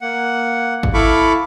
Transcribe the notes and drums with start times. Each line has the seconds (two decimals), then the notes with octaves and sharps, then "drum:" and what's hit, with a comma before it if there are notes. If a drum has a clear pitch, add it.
0.01 A#3 F#5
0.83 drum: kick G#1
0.94 E4 A4 F5 B5 C#6 D6